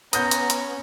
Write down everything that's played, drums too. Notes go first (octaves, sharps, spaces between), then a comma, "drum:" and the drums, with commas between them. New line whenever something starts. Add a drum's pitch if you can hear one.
B3 C#4 A#5 D#6 G6, drum: hi-hat
drum: hi-hat
drum: hi-hat